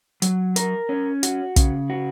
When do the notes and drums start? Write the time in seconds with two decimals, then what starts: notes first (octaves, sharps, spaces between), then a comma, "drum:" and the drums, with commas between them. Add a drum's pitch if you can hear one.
0.22 F#3, drum: hi-hat
0.56 A#4, drum: hi-hat
0.89 C#4
1.23 F#4, drum: hi-hat
1.56 C#3, drum: kick, hi-hat
1.90 F#4